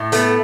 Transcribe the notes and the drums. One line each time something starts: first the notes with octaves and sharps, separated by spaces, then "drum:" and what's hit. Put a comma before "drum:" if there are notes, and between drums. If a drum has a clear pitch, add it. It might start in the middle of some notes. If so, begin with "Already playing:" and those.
Already playing: A2
A3 B3, drum: hi-hat